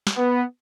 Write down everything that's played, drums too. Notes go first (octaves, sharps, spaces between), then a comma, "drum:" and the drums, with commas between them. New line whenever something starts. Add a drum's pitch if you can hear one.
drum: snare
B3